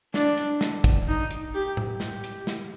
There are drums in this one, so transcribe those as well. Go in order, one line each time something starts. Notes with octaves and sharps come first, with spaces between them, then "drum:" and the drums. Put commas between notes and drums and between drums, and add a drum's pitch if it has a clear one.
D4, drum: snare
drum: hi-hat
drum: snare
drum: kick, hi-hat
D#4
drum: hi-hat
G4
drum: tom A2
G4, drum: snare
drum: hi-hat
drum: snare